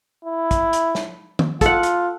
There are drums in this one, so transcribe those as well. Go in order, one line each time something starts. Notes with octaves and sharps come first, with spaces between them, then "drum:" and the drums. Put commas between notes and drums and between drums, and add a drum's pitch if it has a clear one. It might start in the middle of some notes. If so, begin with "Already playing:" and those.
E4
drum: kick, hi-hat
drum: hi-hat
drum: snare
drum: tom
F4 A4 F#5, drum: kick, hi-hat
drum: hi-hat